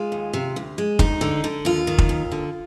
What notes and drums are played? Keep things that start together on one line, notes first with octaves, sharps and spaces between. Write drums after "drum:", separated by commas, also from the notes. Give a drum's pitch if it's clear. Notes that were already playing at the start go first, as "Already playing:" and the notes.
Already playing: G#3 F4
D#2
C3
D2
G#3
D2 D#4, drum: kick
D3
D3
D#2 F4
D#3
drum: kick
D#2
D3